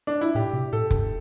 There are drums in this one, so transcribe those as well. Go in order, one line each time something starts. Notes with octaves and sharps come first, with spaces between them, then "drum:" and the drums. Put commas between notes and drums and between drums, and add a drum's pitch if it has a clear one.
D4
E4
A2 G4
B2
A2 A4
G2, drum: kick F1